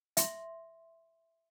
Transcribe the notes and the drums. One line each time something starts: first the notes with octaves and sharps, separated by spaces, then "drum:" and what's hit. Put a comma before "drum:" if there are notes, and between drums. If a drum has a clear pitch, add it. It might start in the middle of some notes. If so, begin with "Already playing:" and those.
E5 C6, drum: hi-hat